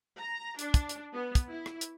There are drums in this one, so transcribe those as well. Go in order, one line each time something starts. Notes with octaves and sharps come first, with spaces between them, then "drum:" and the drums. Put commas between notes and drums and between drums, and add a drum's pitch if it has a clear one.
A#5
D4, drum: hi-hat
drum: kick, hi-hat
drum: hi-hat
B3
drum: kick, hi-hat
E4
drum: rim click
drum: hi-hat